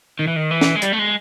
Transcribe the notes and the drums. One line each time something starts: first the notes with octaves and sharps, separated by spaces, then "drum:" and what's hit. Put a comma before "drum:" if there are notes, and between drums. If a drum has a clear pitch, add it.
D#3
E3
D#3
E3
drum: snare
G#3
G3, drum: hi-hat
A3
G#3